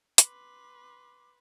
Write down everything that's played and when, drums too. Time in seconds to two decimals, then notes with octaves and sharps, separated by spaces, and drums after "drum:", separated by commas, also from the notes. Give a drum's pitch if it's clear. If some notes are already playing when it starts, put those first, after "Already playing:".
0.18 B4 C6 D6, drum: hi-hat